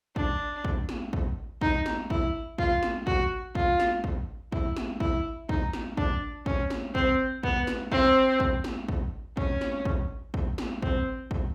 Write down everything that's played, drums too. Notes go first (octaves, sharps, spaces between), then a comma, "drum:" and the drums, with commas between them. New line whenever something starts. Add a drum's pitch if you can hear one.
D4, drum: kick
drum: kick
drum: snare
drum: kick
D#4, drum: kick
drum: snare
E4, drum: kick
F4, drum: kick
drum: snare
F#4, drum: kick
F4, drum: kick
drum: snare
drum: kick
E4, drum: kick
drum: snare
E4, drum: kick
D#4, drum: kick
drum: snare
D4, drum: kick
C#4, drum: kick
drum: snare
C4, drum: kick
B3, drum: kick
drum: snare
C4, drum: kick
drum: kick
drum: snare
drum: kick
C#4, drum: kick
drum: snare
drum: kick
drum: kick
drum: snare
C4, drum: kick
drum: kick